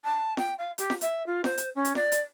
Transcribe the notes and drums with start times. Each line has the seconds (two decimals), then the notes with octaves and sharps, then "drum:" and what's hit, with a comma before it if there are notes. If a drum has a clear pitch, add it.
0.04 A5
0.37 G5, drum: snare F4
0.58 F5
0.78 G4, drum: hi-hat
0.90 drum: snare F4
1.01 E5, drum: hi-hat
1.26 F4
1.44 C5, drum: snare F4
1.58 drum: hi-hat
1.75 C#4
1.85 drum: hi-hat
1.95 D5, drum: snare F4
2.12 drum: hi-hat